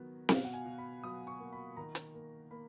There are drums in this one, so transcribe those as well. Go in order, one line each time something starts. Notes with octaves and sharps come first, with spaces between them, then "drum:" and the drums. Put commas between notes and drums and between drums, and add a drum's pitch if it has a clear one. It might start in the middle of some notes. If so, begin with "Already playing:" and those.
Already playing: D#3 F#3 B3
B2, drum: snare C4
F5
F#5
G#5
B2
B5
F#3 D#6
C#6
A#3
B5
D#3 A#5
drum: hi-hat
A#3
A#3 B5